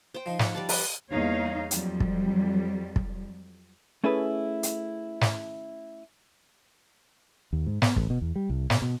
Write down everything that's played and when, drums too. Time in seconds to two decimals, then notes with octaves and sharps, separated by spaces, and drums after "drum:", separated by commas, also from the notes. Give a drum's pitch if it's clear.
0.14 C5 G5
0.26 F3 D#4
0.39 F#5, drum: snare
0.55 G3 D5 A5
0.69 B4, drum: open hi-hat
1.11 E2 G3 A#3 D#4 C#5 F5
1.71 F2 F#3 G3, drum: hi-hat
2.00 drum: kick
2.96 drum: kick
4.04 A3 C#4 E4 G#4 A4 B4
4.63 drum: hi-hat
5.21 drum: snare
7.53 D#2
7.66 G#2
7.82 B3, drum: snare
7.96 A1, drum: kick
8.10 B2
8.21 E2
8.36 G3
8.50 C2
8.70 B2, drum: snare
8.82 B2